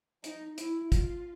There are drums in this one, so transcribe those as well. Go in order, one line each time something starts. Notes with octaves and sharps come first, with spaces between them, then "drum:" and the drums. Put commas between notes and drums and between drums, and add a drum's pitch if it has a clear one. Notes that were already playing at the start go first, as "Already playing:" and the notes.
D#4, drum: hi-hat
E4, drum: hi-hat
F4, drum: kick, hi-hat